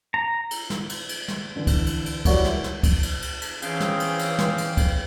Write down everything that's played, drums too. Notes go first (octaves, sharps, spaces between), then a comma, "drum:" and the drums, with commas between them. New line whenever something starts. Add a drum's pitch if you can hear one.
A#5
drum: cymbal
drum: snare
drum: cymbal
drum: cymbal
drum: snare
D3 E3
drum: kick, cymbal
drum: cymbal
drum: cymbal
G3 E4 F#4 A#4 C#5 D5, drum: kick, cymbal
drum: snare
drum: snare
drum: kick, cymbal
drum: cymbal
drum: cymbal
drum: cymbal
E3 C4 C#4 G#4 F5 G5, drum: cymbal
drum: snare
drum: cymbal
drum: cymbal
drum: snare
drum: cymbal
drum: kick, cymbal